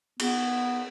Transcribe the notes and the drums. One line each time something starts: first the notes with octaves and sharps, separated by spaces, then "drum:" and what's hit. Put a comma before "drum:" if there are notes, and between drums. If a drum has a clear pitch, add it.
B3, drum: cymbal